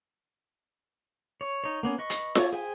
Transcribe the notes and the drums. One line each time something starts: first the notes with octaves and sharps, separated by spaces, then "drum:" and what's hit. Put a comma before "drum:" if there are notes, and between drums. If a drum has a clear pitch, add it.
C#5
D#4 C#5
A#3 B3 C#4
B4 D#5 C#6
drum: hi-hat
C#5 D5 C#6 E6, drum: snare F4
G#4 C5 E5 G5 G#5